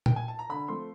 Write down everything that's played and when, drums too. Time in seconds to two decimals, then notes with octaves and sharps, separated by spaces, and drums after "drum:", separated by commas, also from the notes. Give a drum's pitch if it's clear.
0.06 G5, drum: tom A#2
0.16 G#5
0.28 A5
0.39 A#5
0.49 D3 B5
0.68 F3 A3 C4 C6